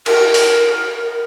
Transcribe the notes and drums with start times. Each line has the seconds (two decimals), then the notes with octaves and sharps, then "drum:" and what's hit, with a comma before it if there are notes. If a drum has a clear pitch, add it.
0.06 A#4, drum: cymbal
0.34 drum: open hi-hat